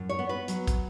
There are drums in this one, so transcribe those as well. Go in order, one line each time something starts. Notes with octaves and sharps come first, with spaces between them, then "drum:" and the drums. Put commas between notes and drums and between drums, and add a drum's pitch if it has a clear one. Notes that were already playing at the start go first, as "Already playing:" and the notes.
Already playing: F#2
C#5
B3
B4
F#3, drum: hi-hat
drum: kick, hi-hat